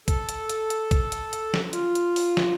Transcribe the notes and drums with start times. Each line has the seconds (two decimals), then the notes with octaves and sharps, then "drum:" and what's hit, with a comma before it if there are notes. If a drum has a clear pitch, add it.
0.08 A4, drum: kick, hi-hat
0.29 drum: hi-hat
0.49 drum: hi-hat
0.70 drum: hi-hat
0.91 drum: kick, hi-hat
1.12 drum: hi-hat
1.33 drum: hi-hat
1.54 drum: snare
1.73 F4, drum: hi-hat
1.95 drum: hi-hat
2.16 drum: open hi-hat
2.37 drum: snare